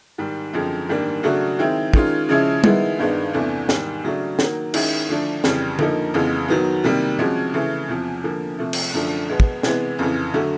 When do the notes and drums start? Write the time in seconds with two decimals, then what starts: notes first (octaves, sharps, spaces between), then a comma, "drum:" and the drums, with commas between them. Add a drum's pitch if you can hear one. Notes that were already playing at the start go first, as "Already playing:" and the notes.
0.18 G#2 D#3 G3
0.53 F#2 D3 F3 G#3 C4
0.89 G#2 D#3 G3 A#3 D4
1.23 C#3 F#3 A3 D4 F#4
1.59 D#3 G#3 C4 E4
1.94 D#3 G#3 C#4 F4, drum: kick
2.29 C#3 F3 G#3 C#4 E4
2.64 D#3 G#3 B3 E4, drum: tom
2.99 G2 D#3 G#3 B3 D4
3.33 E2 C3 E3 A3 D4
3.69 G#2 D#3 G3, drum: snare
4.03 C#3 F#3 A3 D4
4.39 D#3 F#3 A#3, drum: snare
4.74 D#3 G#3 C#4 E4, drum: cymbal
5.09 D3 F3 A3 D4
5.44 F2 C#3 E3 G3, drum: snare
5.79 D3 F3 A#3 D#4, drum: tom
6.14 F2 C#3 E3 G#3 B3
6.48 D#3 F#3 B3
6.84 C3 D#3 G3 A#3
7.18 C3 F3 G#3 C#4 F#4
7.54 C#3 E3 A3
7.89 E2 C3 F3
8.24 D3 F3 A#3
8.58 C3 F3 A3
8.73 drum: cymbal
8.93 F#2 D3 F3 A3 D4
9.29 B2 G#3 B3
9.40 drum: kick
9.63 C3 E3 G#3 B3, drum: snare
9.99 F2 C#3 E3
10.34 D3 F#3 A3